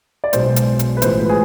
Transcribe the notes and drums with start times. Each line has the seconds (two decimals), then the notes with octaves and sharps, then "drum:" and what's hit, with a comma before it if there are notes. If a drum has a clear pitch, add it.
0.24 D5
0.33 B1 B2 G#3 C5, drum: hi-hat
0.56 drum: hi-hat
0.79 drum: hi-hat
0.97 B4
1.02 A1 A2 F3 G#3 C5, drum: hi-hat
1.20 B4
1.29 G#4